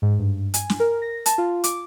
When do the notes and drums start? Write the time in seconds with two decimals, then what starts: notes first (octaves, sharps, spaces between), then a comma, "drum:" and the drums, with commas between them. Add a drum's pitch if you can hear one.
0.02 G#2
0.19 G2
0.54 G#5, drum: hi-hat
0.70 drum: snare
0.80 A#4
1.02 A#6
1.26 A5, drum: hi-hat
1.38 F4
1.64 D6, drum: hi-hat